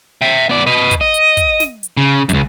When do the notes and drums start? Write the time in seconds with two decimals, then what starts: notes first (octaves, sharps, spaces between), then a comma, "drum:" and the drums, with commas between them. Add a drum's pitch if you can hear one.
0.22 E5 G5
0.49 B3 D5
0.67 B4 D#5
0.91 drum: kick, hi-hat
1.01 D#5
1.14 drum: hi-hat
1.37 drum: kick, hi-hat
1.60 drum: snare
1.83 drum: hi-hat
1.97 C#3
2.29 C#2 F#2, drum: kick, hi-hat